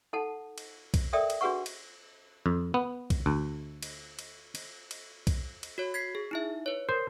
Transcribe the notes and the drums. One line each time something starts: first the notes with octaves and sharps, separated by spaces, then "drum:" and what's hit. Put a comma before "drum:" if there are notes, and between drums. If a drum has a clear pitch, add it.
D#4 A4 F#5 A5
drum: cymbal
drum: kick B1, cymbal
A4 A#4 D5 E5 G5 D#6
drum: cymbal
D4 F#4 G#4 B4 F#5 C#6
drum: cymbal
F2
B3
drum: kick B1, cymbal
D2
drum: cymbal
drum: cymbal
drum: cymbal
drum: cymbal
drum: kick B1, cymbal
drum: cymbal
F#4 C#5
G#6 B6 C7
G#4
D#4 E4 E5
B4 C#5
A#4 C5